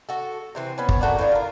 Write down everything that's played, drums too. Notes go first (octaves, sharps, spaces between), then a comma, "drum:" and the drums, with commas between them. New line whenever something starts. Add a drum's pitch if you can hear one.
F#4 A4
C3 E3 C4
B3 C#4
drum: kick
A3 F#4 A#4 D5
A2 E3 D4 F5
F4 A#4